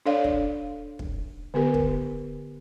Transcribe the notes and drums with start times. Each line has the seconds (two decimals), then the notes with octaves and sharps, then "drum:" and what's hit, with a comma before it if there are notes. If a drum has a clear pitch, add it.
0.06 D4 A4 C#5 D5 F5
0.24 drum: kick
0.99 drum: kick
1.54 D3 B3 G4 A#4
1.74 drum: kick